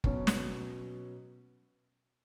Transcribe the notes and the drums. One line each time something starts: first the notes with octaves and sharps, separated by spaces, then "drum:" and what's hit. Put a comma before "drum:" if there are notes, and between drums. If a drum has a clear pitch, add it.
B2 F#3 C#4, drum: kick
drum: snare